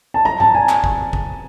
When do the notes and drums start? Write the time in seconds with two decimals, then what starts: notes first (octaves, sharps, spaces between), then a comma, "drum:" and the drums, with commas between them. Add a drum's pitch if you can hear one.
0.14 A5
0.25 A#5
0.40 A5, drum: tom G#2
0.55 G#5
0.69 drum: clap
0.84 drum: kick
1.13 drum: kick